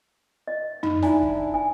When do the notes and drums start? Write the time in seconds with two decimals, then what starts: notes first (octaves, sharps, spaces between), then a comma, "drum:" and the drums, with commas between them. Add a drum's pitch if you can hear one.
0.47 D#5
0.83 D#4, drum: tom
1.02 D4 E4 G#5 A#5, drum: snare
1.22 drum: kick
1.54 G#5